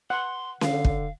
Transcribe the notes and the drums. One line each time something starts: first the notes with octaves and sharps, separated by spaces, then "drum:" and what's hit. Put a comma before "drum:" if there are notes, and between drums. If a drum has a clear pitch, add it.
F#5 C6
D3 F5, drum: snare C#4
drum: kick